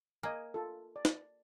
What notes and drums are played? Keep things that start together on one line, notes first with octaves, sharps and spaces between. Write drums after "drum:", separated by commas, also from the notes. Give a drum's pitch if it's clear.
A#3 D#5 G#5
F4 A4
D5
drum: snare